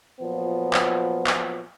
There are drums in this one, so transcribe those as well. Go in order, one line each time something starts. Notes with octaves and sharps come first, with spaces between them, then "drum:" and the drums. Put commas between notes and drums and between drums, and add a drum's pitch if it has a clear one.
A#2 F3 F#3 B3
drum: clap
drum: clap